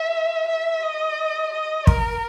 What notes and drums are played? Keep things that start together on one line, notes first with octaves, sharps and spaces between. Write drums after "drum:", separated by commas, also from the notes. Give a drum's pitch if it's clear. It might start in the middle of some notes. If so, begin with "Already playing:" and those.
Already playing: E5
E5
D#5
D#5
A#4, drum: kick